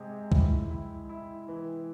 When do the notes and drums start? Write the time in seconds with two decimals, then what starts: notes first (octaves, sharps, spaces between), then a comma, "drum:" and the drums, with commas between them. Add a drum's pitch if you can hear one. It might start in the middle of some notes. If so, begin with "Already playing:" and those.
Already playing: C3 G#3 G#4
0.32 E4, drum: kick C2
0.71 E4
1.09 E4
1.48 E3